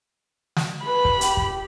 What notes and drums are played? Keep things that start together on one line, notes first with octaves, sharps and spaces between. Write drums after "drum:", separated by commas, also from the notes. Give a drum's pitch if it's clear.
drum: snare
B4 B5
drum: kick
G4, drum: hi-hat
drum: kick